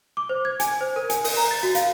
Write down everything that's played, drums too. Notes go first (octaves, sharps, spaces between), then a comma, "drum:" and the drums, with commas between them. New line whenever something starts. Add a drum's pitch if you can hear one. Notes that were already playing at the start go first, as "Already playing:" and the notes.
D6
C5
G#6
G#5, drum: hi-hat
C5
A#4
G#5, drum: hi-hat
A#4, drum: open hi-hat
A#5
A6
F#4
F5, drum: hi-hat